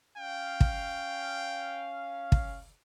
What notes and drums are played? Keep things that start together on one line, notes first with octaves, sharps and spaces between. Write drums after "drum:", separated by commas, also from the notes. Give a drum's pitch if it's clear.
C#4 F5 G5
drum: kick
drum: kick